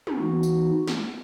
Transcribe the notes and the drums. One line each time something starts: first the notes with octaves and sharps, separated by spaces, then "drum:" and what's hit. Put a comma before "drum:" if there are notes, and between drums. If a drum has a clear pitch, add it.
drum: tom
E3 B3 D#4 F#4
drum: tambourine
drum: snare